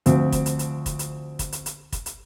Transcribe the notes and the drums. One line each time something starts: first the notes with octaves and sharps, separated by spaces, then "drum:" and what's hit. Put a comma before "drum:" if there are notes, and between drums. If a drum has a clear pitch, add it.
D2 F3 C4, drum: hi-hat
drum: kick, hi-hat
drum: hi-hat
drum: hi-hat
drum: kick, hi-hat
drum: hi-hat
drum: kick, hi-hat
drum: hi-hat
drum: hi-hat
drum: kick, hi-hat
drum: hi-hat